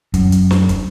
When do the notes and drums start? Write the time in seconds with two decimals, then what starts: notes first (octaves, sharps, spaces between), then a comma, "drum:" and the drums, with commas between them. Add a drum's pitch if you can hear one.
0.14 F#2, drum: kick, hi-hat
0.32 drum: hi-hat
0.51 drum: snare
0.69 drum: kick, hi-hat